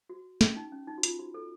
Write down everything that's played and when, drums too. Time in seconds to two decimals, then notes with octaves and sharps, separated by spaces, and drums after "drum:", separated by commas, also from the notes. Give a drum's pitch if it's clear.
0.09 F#4
0.41 C#4, drum: snare
0.56 D#4
0.72 C#4
0.88 D#4
0.98 F#4
1.03 F4, drum: hi-hat
1.19 F#4
1.34 A4